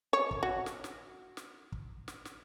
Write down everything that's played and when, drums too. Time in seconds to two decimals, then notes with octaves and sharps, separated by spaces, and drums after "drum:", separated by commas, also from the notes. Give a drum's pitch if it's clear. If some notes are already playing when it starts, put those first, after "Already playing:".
0.13 C#5
0.31 drum: kick
0.43 F#4
0.66 drum: snare
0.84 drum: snare
1.37 drum: snare
1.72 drum: kick
2.08 drum: snare
2.25 drum: snare